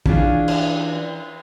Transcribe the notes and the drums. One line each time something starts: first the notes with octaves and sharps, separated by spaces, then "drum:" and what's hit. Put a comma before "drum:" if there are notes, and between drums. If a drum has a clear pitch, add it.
E3 C#4 D4 F4 G#4, drum: kick
drum: cymbal